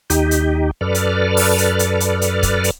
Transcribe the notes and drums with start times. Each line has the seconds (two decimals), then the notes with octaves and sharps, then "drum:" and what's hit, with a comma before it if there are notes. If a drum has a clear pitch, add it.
0.10 D#2 D#4 G4, drum: hi-hat
0.31 drum: hi-hat
0.81 F#2 A4 B4 D5 F6
0.95 drum: hi-hat
1.37 drum: open hi-hat
1.58 drum: hi-hat
1.79 drum: hi-hat
2.00 drum: hi-hat
2.22 drum: hi-hat
2.43 drum: kick, hi-hat
2.64 drum: hi-hat